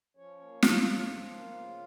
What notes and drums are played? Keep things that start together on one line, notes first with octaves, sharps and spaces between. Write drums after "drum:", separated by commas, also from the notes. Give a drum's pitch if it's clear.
F3 C#4 C#5
A#3
C#3 F4 F5, drum: snare
F2
F3
A#3
C#3